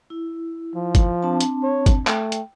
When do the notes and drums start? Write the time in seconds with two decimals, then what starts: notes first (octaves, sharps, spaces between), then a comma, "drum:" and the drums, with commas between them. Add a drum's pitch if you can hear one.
0.10 E4
0.76 F3
0.95 drum: kick G1, hi-hat
1.23 C4 D4 A5
1.41 drum: hi-hat
1.63 C#5
1.86 drum: kick G1, hi-hat
2.07 A3 G5, drum: clap
2.32 drum: hi-hat